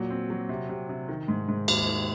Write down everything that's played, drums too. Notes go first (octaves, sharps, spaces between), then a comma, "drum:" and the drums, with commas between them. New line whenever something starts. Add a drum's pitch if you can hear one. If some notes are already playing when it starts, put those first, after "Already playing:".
Already playing: A#2 F#3
C4
F#3
C3
C3
C3
D#3
G#2
G#2
D#2, drum: cymbal
D#3